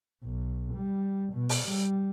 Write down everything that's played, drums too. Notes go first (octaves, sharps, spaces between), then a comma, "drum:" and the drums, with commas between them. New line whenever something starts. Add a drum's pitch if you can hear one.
B1
G3
B2
drum: open hi-hat
G3